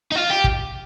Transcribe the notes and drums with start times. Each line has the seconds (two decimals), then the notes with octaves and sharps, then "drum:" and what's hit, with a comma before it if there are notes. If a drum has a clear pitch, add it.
0.12 D#4
0.15 F4
0.30 G4
0.44 drum: kick